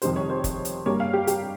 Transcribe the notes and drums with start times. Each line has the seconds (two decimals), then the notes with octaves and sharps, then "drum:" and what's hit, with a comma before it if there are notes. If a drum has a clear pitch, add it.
0.02 F2 C3 D#3 G3 C5, drum: hi-hat
0.16 C#5
0.30 C5
0.44 drum: kick F1, hi-hat
0.65 drum: hi-hat
0.86 G2 G3 A#3 C#5
1.00 F5
1.13 G4
1.27 G4, drum: hi-hat